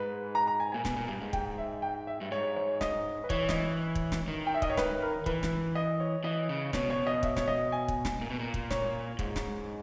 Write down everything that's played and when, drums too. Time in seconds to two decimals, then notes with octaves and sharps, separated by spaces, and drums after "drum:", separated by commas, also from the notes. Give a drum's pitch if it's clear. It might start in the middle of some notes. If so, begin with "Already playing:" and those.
Already playing: G#2 B4
0.35 A#5
0.47 A#5
0.60 G#5
0.72 A#2 G#5
0.85 B2, drum: snare
0.96 A#2
1.08 G2
1.21 G#2
1.33 G5, drum: kick
1.58 E5
1.82 G5
2.07 E5
2.21 G2
2.31 G#2 C#5
2.56 C#5
2.81 D#5, drum: snare
3.24 B4
3.30 E3 C#5, drum: kick
3.49 D#5, drum: snare
3.55 C#5
3.95 drum: kick
4.12 drum: snare
4.28 D#3
4.47 G5
4.54 E5
4.62 D#5, drum: kick
4.70 C#5
4.77 B4, drum: snare
5.02 A#4
5.26 E3 B4, drum: kick
5.43 drum: snare
5.75 D#5
6.00 C#5
6.24 E3 D#5
6.49 C#3
6.73 B2 C#5, drum: snare
6.90 C#5
7.07 D#5
7.23 E5, drum: kick
7.37 C#5, drum: snare
7.48 D#5
7.72 G#5
7.88 drum: kick
8.05 drum: snare
8.21 A#2
8.30 B2
8.39 A#2
8.54 drum: kick
8.71 C#5, drum: snare
9.19 G#2, drum: kick
9.36 drum: snare